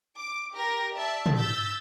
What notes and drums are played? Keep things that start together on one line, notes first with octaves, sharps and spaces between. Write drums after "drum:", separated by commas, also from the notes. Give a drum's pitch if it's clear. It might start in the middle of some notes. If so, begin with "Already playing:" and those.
D6
G4 A#4 A#6
D5 E5 A5
drum: tom
E6 G6 A6 B6